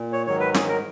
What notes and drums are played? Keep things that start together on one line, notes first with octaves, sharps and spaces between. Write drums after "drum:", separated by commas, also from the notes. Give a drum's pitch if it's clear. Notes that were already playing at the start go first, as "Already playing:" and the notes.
Already playing: A#2
C#5
G#2 D#3 F#3 C#5
B4
G#4, drum: snare
A#4